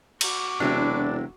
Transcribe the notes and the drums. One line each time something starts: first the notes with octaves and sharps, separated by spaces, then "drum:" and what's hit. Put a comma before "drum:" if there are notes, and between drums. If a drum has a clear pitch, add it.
F#4 D6, drum: cymbal
E1 C3 F#3 D4 E4